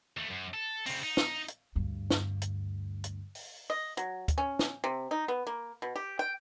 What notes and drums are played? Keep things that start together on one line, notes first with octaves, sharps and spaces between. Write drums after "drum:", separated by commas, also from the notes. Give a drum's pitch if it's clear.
D#2 A3
F#2
A4
C#3 C4, drum: open hi-hat
D#4
drum: snare
drum: hi-hat
D2 G2
drum: snare
drum: hi-hat
drum: hi-hat
drum: open hi-hat
D#5
F#3, drum: hi-hat
drum: kick, hi-hat
C#4
drum: snare
C3
D#4
B3
A#3
B2
G4
G5